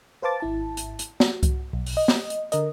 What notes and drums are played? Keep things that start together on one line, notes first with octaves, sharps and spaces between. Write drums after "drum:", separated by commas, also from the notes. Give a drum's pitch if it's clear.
B4 C5 F5 A5 D6 A6
G#1 E4 A5
drum: hi-hat
drum: hi-hat
F#4, drum: snare
drum: kick C2, hi-hat
B1
drum: open hi-hat
D#5
drum: snare
drum: hi-hat
D3 A#4 D#5, drum: hi-hat